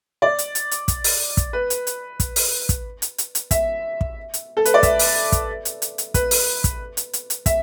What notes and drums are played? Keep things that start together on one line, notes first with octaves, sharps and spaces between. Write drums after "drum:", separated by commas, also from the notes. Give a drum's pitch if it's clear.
D5
drum: hi-hat
drum: hi-hat
drum: hi-hat
drum: kick, hi-hat
drum: open hi-hat
drum: kick, hi-hat
B4
drum: hi-hat
drum: hi-hat
drum: kick, hi-hat
drum: open hi-hat
drum: kick, hi-hat
drum: hi-hat
drum: hi-hat
drum: hi-hat
E5, drum: kick, hi-hat
drum: kick
drum: hi-hat
A4
B4, drum: hi-hat
D5
E5, drum: kick, hi-hat
drum: open hi-hat
drum: kick, hi-hat
drum: hi-hat
drum: hi-hat
drum: hi-hat
B4, drum: kick, hi-hat
drum: open hi-hat
drum: kick, hi-hat
drum: hi-hat
drum: hi-hat
drum: hi-hat
E5, drum: kick, hi-hat